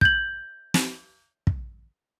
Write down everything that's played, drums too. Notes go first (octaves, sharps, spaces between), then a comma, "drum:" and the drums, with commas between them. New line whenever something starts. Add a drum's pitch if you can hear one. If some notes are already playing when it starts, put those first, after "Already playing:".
G6 G#6 F#7, drum: kick
drum: snare
drum: kick